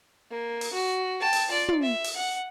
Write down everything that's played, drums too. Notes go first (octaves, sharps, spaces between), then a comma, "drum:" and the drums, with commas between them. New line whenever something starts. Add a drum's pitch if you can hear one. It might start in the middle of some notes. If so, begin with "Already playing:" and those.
A#3
drum: open hi-hat
F#4
G5 A5
drum: open hi-hat
F4 D5
drum: tom
E5
drum: open hi-hat
F#5